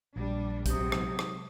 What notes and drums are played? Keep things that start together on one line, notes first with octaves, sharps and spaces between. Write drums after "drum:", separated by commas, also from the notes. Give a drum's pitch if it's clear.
A#1 G3 D4
G#2 C3 F#3 G4 D#6, drum: kick, hi-hat
drum: rim click
drum: rim click